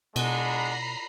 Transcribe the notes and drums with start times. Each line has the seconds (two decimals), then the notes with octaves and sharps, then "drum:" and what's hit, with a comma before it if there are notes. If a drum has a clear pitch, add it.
0.16 B2 G#3 D4 F#5 A#5 B5 C7, drum: cymbal